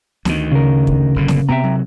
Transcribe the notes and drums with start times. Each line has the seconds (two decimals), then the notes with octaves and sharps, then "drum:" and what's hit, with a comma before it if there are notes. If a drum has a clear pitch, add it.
0.25 D2 D#3, drum: snare
0.51 C#3 A#4
0.87 drum: kick
1.16 F#1 A#2 D3
1.28 drum: snare
1.49 C3 B3 E5 G5 A#5
1.63 C3 F#3